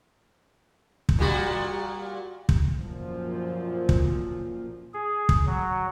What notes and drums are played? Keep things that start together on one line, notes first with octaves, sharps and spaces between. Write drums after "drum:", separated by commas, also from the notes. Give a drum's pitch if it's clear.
drum: kick
A#2 G3 F#4
drum: kick
F#2 A#2 F3
drum: kick
G#4
drum: kick
F#3